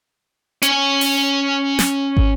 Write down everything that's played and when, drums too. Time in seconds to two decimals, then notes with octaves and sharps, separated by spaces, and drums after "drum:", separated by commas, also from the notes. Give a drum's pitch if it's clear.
0.62 C#4 G#5, drum: hi-hat
1.01 drum: open hi-hat
1.79 drum: snare
2.17 drum: kick